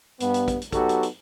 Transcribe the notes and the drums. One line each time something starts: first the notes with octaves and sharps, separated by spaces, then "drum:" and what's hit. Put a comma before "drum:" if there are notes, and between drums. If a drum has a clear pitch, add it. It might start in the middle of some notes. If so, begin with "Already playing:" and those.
G2 B3, drum: hi-hat
drum: hi-hat
drum: kick, hi-hat
drum: hi-hat
F#3 B3 D#4 F#4 G4 A4, drum: kick, hi-hat
drum: hi-hat
drum: hi-hat